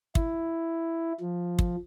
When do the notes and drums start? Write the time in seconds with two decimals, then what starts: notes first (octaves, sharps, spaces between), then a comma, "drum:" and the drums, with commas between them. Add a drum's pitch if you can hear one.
0.15 E4, drum: kick
1.20 F3
1.59 drum: kick